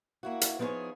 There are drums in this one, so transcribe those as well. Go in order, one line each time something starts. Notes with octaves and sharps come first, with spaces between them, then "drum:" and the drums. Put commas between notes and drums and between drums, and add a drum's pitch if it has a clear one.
A#3 E4 F#4
drum: hi-hat
F3 B3 D#4 E4 G#4 C#5